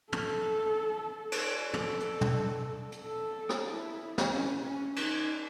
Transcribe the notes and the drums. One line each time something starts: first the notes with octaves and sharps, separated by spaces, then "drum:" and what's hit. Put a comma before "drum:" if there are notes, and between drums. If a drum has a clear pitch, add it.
A4, drum: tom
drum: cymbal
A4, drum: tom
drum: hi-hat
drum: tom
drum: hi-hat
A4
drum: rim click
E4
drum: snare
C#4
C#4
D#4, drum: cymbal